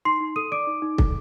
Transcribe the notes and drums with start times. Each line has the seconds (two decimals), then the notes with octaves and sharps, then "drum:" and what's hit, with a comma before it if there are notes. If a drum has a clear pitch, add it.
0.05 D#4 C6 C7
0.21 D#4
0.36 A4 D#6 D#7
0.51 D5 D6 D7
0.67 D#4
0.82 D#4
0.98 A4, drum: kick